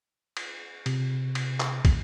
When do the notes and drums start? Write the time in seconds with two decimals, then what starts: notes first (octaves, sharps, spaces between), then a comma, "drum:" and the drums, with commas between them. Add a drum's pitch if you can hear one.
0.37 drum: cymbal
0.86 C3, drum: cymbal
1.35 drum: cymbal
1.60 drum: clap
1.85 drum: kick, cymbal